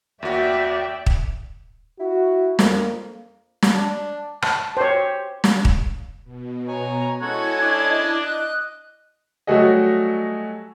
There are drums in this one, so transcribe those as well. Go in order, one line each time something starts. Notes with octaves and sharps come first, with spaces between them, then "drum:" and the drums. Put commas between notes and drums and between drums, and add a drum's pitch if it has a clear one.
D#2 F#4 D5 E5 G5
drum: kick
E4 F#4
F2 A#3, drum: snare
drum: snare
D4
A5, drum: rim click
G4 C5 C#5
drum: snare
drum: kick
B2
C#5 G#5 A#5
G#3 C#4 E4 F#4 A4 D#5 A5 G#6
D4
D#5 F#6 G6
F#3 G3 A3 F#4 G#4 D#5